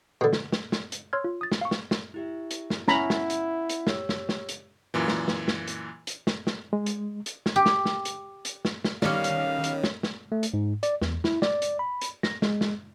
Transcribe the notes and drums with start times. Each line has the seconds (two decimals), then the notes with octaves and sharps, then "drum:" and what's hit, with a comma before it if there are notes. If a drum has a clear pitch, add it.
0.21 B2 D3
0.33 drum: snare
0.52 drum: snare
0.72 drum: snare
0.92 drum: hi-hat
1.13 C#5 C6 E6 F6 G#6
1.24 F4
1.41 D#6 A6
1.52 drum: snare
1.61 F5 C#6
1.71 drum: snare
1.91 drum: snare
2.14 E4 G4 E5
2.51 drum: hi-hat
2.70 drum: snare
2.88 B3 C#4 E4 F#5 A#5 B5 B6, drum: snare
3.10 drum: snare
3.30 drum: hi-hat
3.69 drum: hi-hat
3.87 G4 C#5 E6, drum: snare
4.09 drum: snare
4.29 drum: snare
4.49 drum: hi-hat
4.94 F#2 A#2 E3
5.08 drum: snare
5.28 drum: snare
5.48 drum: snare
5.68 drum: hi-hat
6.07 drum: hi-hat
6.27 drum: snare
6.47 drum: snare
6.73 G#3
6.86 drum: hi-hat
7.26 drum: hi-hat
7.46 drum: snare
7.56 G4
7.66 drum: snare
7.85 drum: snare
8.05 drum: hi-hat
8.45 drum: hi-hat
8.65 drum: snare
8.84 drum: snare
9.02 B1 D#3 G3 C#4 D5 F5 F6, drum: snare
9.24 drum: hi-hat
9.64 drum: hi-hat
9.84 drum: snare
10.03 drum: snare
10.32 A3
10.43 drum: hi-hat
10.54 G#2
10.83 D5, drum: hi-hat
11.02 E2, drum: snare
11.24 E4, drum: snare
11.42 D5, drum: snare
11.62 drum: hi-hat
11.79 B5
12.01 drum: hi-hat
12.23 A#6, drum: snare
12.42 G#3, drum: snare
12.61 drum: snare